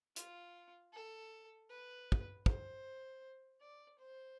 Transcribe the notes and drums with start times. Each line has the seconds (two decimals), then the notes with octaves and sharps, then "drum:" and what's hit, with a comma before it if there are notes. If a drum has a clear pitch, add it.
0.16 F4, drum: hi-hat
0.93 A4
1.69 B4
2.12 drum: kick
2.46 C5, drum: kick
3.61 D5
3.98 C5